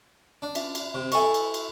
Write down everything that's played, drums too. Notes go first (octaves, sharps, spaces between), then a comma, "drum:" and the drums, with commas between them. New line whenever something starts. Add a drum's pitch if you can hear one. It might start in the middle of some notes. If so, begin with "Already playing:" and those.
D4
C#4 F4 E5, drum: cymbal
drum: cymbal
C3
E4 A4 D#5 G#5 C#6, drum: cymbal
drum: cymbal
drum: cymbal